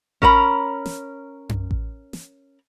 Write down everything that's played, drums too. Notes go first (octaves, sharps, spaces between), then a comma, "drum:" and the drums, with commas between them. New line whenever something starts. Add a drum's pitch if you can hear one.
C#4 A#4 A#5 B5, drum: kick A1
drum: snare
drum: tom F#2
drum: kick A1
drum: snare